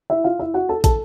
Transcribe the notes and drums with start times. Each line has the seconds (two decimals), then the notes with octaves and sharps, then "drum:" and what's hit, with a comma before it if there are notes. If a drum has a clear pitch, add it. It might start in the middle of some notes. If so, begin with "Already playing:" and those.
0.10 E4 E5
0.24 F4 F5
0.39 E4 E5
0.54 F#4 F#5
0.69 A4 A5
0.84 A4 A5, drum: kick, hi-hat